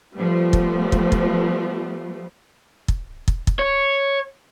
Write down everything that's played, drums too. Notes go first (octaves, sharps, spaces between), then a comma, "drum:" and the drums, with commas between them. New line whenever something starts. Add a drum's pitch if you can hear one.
F3 G3 A3 B3
drum: kick
drum: kick
drum: kick
drum: kick
drum: kick
drum: kick
C#5